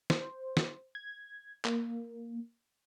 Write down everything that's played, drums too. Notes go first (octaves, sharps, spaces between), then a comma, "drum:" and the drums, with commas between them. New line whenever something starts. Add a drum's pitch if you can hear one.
C5, drum: snare
drum: snare
G#6
A#3, drum: clap